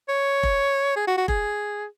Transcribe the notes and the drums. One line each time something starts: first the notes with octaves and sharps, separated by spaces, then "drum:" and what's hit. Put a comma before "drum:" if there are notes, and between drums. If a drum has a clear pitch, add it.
C#5
drum: kick F1
G#4
F#4
F#4
G#4, drum: kick F1